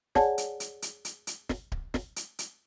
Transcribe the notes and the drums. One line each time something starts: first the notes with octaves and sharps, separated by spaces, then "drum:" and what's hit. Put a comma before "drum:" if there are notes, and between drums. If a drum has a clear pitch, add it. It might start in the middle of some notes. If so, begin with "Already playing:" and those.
G#4 C#5 D5 F#5 G#5 A5, drum: snare
drum: hi-hat
drum: hi-hat
drum: hi-hat
drum: hi-hat
drum: hi-hat
drum: snare
drum: kick D1
drum: snare
drum: hi-hat
drum: hi-hat